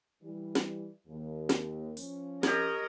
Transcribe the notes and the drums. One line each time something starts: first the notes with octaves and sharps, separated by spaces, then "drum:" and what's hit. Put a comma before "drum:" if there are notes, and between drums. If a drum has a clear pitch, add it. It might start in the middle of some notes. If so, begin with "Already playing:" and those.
E3 G3
drum: snare
D#2
drum: snare
F3 C#4, drum: open hi-hat
G4 A#4 C#5 D#5, drum: snare